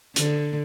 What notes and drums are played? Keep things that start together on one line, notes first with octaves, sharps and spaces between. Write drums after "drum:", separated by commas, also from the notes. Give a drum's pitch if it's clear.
D3, drum: hi-hat